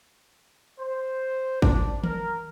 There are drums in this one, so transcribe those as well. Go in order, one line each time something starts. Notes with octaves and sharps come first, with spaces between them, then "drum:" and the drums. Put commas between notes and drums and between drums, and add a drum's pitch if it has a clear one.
C5
D4, drum: kick G#1
A#4, drum: tom D#3